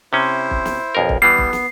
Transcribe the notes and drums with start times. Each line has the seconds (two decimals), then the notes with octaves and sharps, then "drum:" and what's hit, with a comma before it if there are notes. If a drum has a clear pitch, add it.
0.13 C3 C#4 E4 C5
0.51 drum: kick
0.65 drum: snare
0.95 B1 F2 A#4
1.09 drum: kick
1.22 E3 G3 B3 C7
1.38 drum: kick
1.53 drum: snare